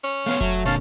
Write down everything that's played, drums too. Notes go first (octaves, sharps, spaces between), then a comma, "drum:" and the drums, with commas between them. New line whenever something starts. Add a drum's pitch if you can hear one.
C#4
A3 B3 C#5 F5
F#3 A3, drum: kick F1
A#2 D3 C#4 F5 A5